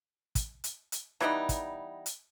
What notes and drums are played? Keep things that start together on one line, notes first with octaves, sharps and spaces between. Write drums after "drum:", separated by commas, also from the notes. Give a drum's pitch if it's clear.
drum: kick, hi-hat
drum: hi-hat
drum: hi-hat
E3 G3 B3 D#4, drum: rim click
drum: kick, hi-hat
drum: hi-hat